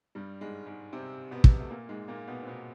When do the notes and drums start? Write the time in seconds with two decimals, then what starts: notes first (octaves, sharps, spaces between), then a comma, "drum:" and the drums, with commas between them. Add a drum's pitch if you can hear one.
0.15 G2 G3
0.41 G#2 G#3
0.66 G#2 G#3
0.93 C3 C4
1.31 B2 B3
1.44 drum: kick
1.60 A3
1.70 A#2 A#3
1.89 G#2 G#3
2.08 A#2 A#3
2.27 B2 B3
2.43 C4
2.47 B2 B3